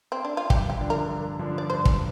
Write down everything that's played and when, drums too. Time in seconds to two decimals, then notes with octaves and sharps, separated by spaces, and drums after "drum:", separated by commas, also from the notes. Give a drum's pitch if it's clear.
0.12 C4
0.25 D4
0.37 F4
0.50 G2 G4, drum: kick
0.70 G4
0.79 D3 F3 D4
0.90 A#4
1.09 G2
1.39 D3 F3 D4
1.58 D5
1.69 G2 C5
1.85 drum: kick